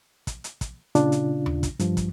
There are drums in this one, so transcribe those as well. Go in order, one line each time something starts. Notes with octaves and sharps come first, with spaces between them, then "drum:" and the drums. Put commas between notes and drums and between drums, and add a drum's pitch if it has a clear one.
drum: kick, hi-hat
drum: hi-hat
drum: kick, hi-hat
A#2 C#3 D4 F4, drum: hi-hat
drum: hi-hat
drum: tom D#2
drum: kick, hi-hat
G2 F3, drum: hi-hat
drum: kick, hi-hat